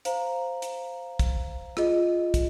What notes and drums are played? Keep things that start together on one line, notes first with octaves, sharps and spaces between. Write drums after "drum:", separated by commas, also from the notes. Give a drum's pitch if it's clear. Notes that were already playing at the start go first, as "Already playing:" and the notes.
C5 F5 A#5, drum: hi-hat
drum: hi-hat
drum: kick, hi-hat
F4 G#4 D#5, drum: rim click
drum: kick, hi-hat